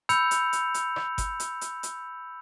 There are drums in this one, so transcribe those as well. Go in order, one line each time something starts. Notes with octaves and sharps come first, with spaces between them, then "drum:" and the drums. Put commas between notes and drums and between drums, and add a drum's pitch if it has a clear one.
B5 E6 G6 C#7 F7, drum: hi-hat
drum: hi-hat
drum: hi-hat
drum: hi-hat
drum: rim click
drum: kick G1, hi-hat
drum: hi-hat
drum: hi-hat
drum: hi-hat